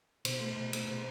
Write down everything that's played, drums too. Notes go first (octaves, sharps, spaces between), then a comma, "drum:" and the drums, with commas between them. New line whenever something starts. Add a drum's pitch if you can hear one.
B2 C5, drum: cymbal
A3
B2
A3, drum: cymbal
B2